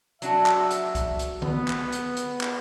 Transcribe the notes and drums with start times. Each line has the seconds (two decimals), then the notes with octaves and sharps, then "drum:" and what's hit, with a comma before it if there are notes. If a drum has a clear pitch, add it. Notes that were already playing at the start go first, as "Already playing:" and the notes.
0.22 F#3 D4 F#4 E5, drum: hi-hat
0.46 drum: clap
0.71 drum: hi-hat
0.95 drum: kick C2, hi-hat
1.19 drum: hi-hat
1.42 B3, drum: tom D3
1.68 drum: clap
1.92 drum: hi-hat
2.17 drum: hi-hat
2.41 drum: clap